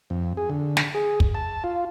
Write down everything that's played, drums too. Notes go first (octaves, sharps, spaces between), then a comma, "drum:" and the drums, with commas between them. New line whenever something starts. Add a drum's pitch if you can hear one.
F2
G#4
D3
drum: snare
G#4
drum: kick
A5
F4